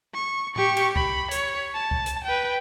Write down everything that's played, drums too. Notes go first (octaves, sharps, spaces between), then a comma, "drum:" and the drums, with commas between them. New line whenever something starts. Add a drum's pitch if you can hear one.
C#6
G4 C#6, drum: tom A2
drum: cymbal
B5, drum: kick C2
C#5, drum: hi-hat
A5
drum: kick C2
drum: hi-hat
B4 G5